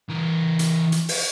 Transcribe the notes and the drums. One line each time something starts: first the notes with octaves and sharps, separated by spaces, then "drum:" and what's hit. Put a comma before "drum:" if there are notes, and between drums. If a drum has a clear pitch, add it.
E3 A#4
drum: hi-hat
drum: hi-hat
drum: open hi-hat